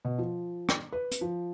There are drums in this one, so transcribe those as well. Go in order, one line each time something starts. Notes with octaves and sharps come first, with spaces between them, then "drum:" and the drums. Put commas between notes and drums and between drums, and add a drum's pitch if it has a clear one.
B2
F3
drum: rim click
B4
drum: hi-hat
F3